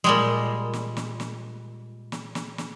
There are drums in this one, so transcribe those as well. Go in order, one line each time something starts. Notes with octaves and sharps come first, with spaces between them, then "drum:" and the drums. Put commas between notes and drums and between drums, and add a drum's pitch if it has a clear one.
A#2 G3 G#3
drum: snare
drum: snare
drum: snare
drum: snare
drum: snare
drum: snare